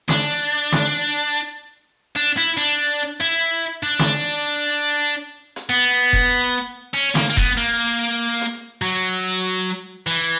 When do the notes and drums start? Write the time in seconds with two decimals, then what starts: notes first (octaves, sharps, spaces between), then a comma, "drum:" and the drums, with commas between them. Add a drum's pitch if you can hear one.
0.09 D4, drum: snare
0.72 drum: snare
2.16 D4
2.37 E4
2.58 D4
3.21 E4
3.83 D4
3.99 drum: snare
5.56 drum: hi-hat
5.70 B3
6.13 drum: kick F1
6.94 C#4
7.15 A#3, drum: snare
7.30 A#3
7.37 B3, drum: kick F1
7.57 A#3
8.41 drum: hi-hat
8.82 F#3
10.06 E3